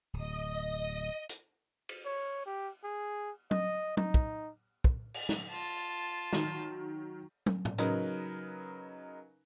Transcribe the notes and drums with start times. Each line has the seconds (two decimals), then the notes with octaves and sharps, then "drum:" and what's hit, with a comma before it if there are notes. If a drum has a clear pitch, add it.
0.13 D1 D#5 D#6
1.29 drum: hi-hat
1.89 drum: cymbal
2.05 C#5
2.46 G4
2.84 G#4
3.51 D#5, drum: tom
3.97 D#4, drum: tom
4.14 drum: kick
4.84 drum: kick
5.14 drum: cymbal
5.29 drum: snare
5.49 F4 A5
6.33 D#3 F#3, drum: snare
7.46 drum: tom
7.65 drum: tom A2
7.78 C#3 F#3 D#4 A#4 B4, drum: hi-hat